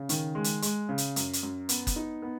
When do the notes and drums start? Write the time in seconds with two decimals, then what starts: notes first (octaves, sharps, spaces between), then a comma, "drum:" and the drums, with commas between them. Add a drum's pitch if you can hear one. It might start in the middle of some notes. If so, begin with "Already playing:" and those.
Already playing: C#3
0.09 D#3, drum: hi-hat
0.35 G#3
0.44 drum: hi-hat
0.62 G#3, drum: hi-hat
0.89 C#3
0.98 drum: hi-hat
1.16 F#2, drum: hi-hat
1.33 drum: hi-hat
1.43 F#2
1.69 B3, drum: hi-hat
1.87 drum: kick F#1, hi-hat
1.96 D#4
2.22 B3